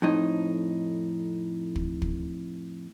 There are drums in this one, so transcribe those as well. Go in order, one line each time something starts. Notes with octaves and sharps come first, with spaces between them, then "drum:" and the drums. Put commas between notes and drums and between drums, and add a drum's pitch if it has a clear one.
F2 A2 D#4
drum: kick
drum: kick